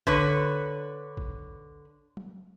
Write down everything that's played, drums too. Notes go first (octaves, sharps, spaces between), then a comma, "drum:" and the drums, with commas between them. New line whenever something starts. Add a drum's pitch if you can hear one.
D3 B4 C#5, drum: kick A1
drum: kick A1
drum: tom F#3